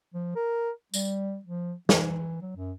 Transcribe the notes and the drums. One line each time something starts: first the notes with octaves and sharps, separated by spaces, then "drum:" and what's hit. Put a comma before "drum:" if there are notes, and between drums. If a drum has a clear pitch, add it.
F3
A#4
G3, drum: tambourine
F3
E3, drum: snare
F#3
F#2